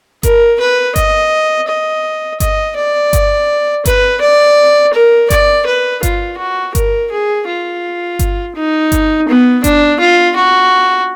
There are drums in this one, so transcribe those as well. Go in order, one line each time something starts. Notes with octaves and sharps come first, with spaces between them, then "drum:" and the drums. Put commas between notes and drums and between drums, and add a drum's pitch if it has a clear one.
A#4, drum: kick G1, hi-hat
B4
D#5, drum: kick G1, hi-hat
D#5
D#5, drum: kick G1, hi-hat
D5
drum: kick G1, hi-hat
B4, drum: kick G1, hi-hat
D5
A#4
D5, drum: kick G1, hi-hat
B4
F4, drum: kick G1, hi-hat
F#4
A#4, drum: kick G1, hi-hat
G#4
F4
drum: kick G1, hi-hat
D#4
drum: kick G1, hi-hat
B3
D4, drum: kick G1, hi-hat
F4
F#4